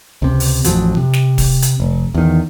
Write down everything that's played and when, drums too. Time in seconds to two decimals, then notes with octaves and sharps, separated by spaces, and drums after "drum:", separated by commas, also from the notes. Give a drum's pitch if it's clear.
0.22 C#2 C3
0.40 drum: open hi-hat
0.64 A1 F2 F3 F#3, drum: hi-hat
0.97 C3
1.13 drum: snare
1.38 drum: kick, open hi-hat
1.62 drum: hi-hat
1.80 F1
2.14 E2 D#3